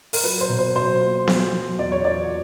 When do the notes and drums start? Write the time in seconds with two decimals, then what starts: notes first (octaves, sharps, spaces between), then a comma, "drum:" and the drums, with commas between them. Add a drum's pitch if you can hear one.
0.13 A#4, drum: open hi-hat
0.23 F#3 B4
0.41 C5
0.49 B2
0.59 C5
0.76 F#3 C5
1.01 A#3
1.27 F#3, drum: snare B3
1.53 F#3
1.79 E2 D5
1.92 C#5
2.04 E2 D5